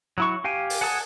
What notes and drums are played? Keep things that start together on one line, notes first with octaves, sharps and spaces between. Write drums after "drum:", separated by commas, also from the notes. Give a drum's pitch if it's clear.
F#3 E4 C#6
G4 F5 G5 G#5
drum: open hi-hat
F#5 G#5 A5 D#6